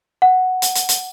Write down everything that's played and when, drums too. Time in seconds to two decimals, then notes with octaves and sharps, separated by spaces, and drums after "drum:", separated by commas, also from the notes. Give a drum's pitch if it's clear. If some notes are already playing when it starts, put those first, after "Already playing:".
0.22 F#5
0.62 drum: hi-hat
0.75 drum: hi-hat
0.89 drum: hi-hat